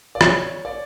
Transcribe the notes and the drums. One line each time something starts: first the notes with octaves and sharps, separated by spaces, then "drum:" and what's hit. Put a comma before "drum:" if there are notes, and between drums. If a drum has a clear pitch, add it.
D5
C#5, drum: rim click
D5